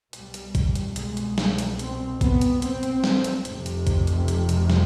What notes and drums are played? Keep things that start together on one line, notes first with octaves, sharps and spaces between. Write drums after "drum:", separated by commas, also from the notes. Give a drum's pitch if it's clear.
C2 B2 G3, drum: hi-hat
drum: hi-hat
drum: kick, hi-hat
drum: hi-hat
G#3, drum: hi-hat
drum: hi-hat
drum: snare
drum: hi-hat
C4, drum: hi-hat
B3, drum: kick, hi-hat
drum: hi-hat
C4, drum: hi-hat
drum: hi-hat
drum: snare
drum: hi-hat
F1 F2 C3, drum: hi-hat
drum: hi-hat
drum: kick, hi-hat
drum: hi-hat
drum: hi-hat
drum: hi-hat
drum: snare